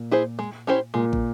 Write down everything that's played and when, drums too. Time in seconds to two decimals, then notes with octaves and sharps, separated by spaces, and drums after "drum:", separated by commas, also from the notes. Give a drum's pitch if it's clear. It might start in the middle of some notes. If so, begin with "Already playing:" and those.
Already playing: A#2
0.11 E4 G#4 C5
0.39 G#3
0.67 C#4 E4 G4 C5
0.94 A#2 G#3
1.13 drum: kick